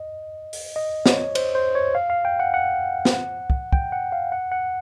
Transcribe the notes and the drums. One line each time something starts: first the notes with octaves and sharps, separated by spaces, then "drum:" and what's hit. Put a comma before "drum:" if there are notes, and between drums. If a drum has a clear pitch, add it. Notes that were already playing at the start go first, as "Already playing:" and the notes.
Already playing: D#5
drum: open hi-hat
D#5
C#5, drum: snare
C5, drum: cymbal
C5
C#5
F5
F5
G5
F#5
F#5
drum: snare
drum: kick
G5, drum: kick
F#5
F5
F#5
F#5